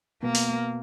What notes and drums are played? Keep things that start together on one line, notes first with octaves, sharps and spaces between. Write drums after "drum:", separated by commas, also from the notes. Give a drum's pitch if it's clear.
B2 A#3
drum: open hi-hat